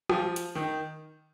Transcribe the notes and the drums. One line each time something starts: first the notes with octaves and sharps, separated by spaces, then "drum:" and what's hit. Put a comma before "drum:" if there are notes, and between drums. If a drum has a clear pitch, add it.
F3, drum: rim click
drum: hi-hat
D#3